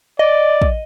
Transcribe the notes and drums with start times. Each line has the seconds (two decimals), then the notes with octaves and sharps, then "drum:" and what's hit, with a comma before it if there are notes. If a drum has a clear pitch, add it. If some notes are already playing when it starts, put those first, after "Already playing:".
0.19 D5 D#5
0.62 drum: kick